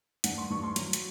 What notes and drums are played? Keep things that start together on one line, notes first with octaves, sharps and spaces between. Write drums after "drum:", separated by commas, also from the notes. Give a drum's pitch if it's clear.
G2 F#5, drum: hi-hat
C6
G2 C#6
C6
F#3, drum: hi-hat
drum: hi-hat